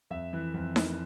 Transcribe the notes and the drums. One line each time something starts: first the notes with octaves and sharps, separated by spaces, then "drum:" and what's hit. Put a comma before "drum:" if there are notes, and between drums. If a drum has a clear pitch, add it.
F2 E5
E3
F2
E3, drum: snare D#4